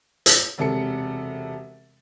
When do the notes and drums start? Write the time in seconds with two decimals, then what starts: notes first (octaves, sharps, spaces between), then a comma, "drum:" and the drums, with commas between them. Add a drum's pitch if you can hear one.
0.26 drum: hi-hat
0.58 E1 C3 A4 C#7